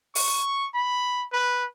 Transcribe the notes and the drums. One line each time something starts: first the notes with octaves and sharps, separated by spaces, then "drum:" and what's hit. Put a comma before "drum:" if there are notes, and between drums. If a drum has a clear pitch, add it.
C#6, drum: open hi-hat
B5
B4